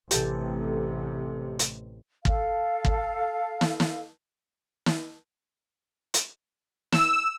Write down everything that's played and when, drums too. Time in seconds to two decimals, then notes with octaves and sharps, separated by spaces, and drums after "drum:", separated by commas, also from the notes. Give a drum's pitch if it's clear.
0.11 A1 C3 G4 A4, drum: hi-hat
1.59 drum: hi-hat
2.25 A4 F5, drum: kick
2.85 drum: kick
3.61 drum: snare
3.80 drum: snare
4.86 drum: snare
6.14 drum: hi-hat
6.92 E6, drum: snare